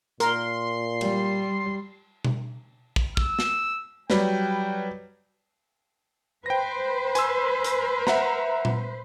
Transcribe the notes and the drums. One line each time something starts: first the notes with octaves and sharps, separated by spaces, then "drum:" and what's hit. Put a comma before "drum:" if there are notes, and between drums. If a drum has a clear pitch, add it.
A#2 A#4 C6, drum: hi-hat
G3, drum: cymbal
drum: tom B2
drum: kick
E6, drum: kick
drum: snare
F#3 G3 B4 G5, drum: snare
B4 C5 G5 A#6
G#5 C6 E6, drum: hi-hat
drum: hi-hat
E5 F#5 A#5, drum: snare
drum: tom A#2